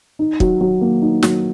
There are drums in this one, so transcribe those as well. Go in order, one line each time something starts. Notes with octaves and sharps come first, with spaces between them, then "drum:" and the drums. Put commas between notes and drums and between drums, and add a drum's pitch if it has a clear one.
D#4
F#3, drum: kick
F#3
A#3
D#4
F#3, drum: snare